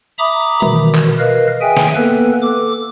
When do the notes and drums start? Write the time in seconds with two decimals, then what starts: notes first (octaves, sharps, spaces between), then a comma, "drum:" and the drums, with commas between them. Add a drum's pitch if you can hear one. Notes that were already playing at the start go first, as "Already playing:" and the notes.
0.19 E5 A#5 B5 D6 D#6
0.62 B2 D#3 E3, drum: tom G3
0.95 drum: clap
1.19 A#4 B4 D#5 F5
1.61 G#4 E5 G5 G#5
1.77 drum: snare
1.96 A#3 B3 A4 B4
2.42 A4 D6